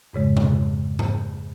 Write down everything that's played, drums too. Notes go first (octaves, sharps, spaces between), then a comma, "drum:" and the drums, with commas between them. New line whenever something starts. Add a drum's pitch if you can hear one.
F2 G#2 C#3 G#3
drum: tom B2
drum: tom G#2